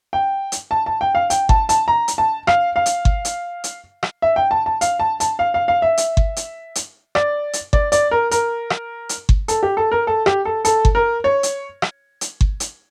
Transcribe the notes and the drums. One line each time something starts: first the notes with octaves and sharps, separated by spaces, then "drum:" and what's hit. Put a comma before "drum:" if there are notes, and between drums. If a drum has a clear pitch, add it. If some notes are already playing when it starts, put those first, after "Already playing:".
G5
drum: hi-hat
A5
A5
G5
F5
G5, drum: hi-hat
A5, drum: kick G1
A5, drum: hi-hat
A#5
drum: hi-hat
A5
F5, drum: rim click
F5
drum: hi-hat
drum: kick G1
drum: hi-hat
drum: hi-hat
drum: rim click
E5
G5
A5
A5
F5, drum: hi-hat
A5
A5, drum: hi-hat
F5
F5
F5
E5
drum: hi-hat
drum: kick G1
drum: hi-hat
drum: hi-hat
D5, drum: rim click
drum: hi-hat
D5, drum: kick G1
D5, drum: hi-hat
A#4
A#4, drum: hi-hat
drum: rim click
drum: hi-hat
drum: kick G1
A4, drum: hi-hat
G4
A4
A#4
A4
G4, drum: rim click
A4
A4, drum: hi-hat
drum: kick G1
A#4
C#5
drum: hi-hat
drum: rim click
drum: hi-hat
drum: kick G1
drum: hi-hat